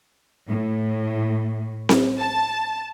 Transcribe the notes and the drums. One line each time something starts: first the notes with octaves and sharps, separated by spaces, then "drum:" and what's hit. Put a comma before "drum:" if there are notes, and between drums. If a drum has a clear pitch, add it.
A2
drum: snare C4
A5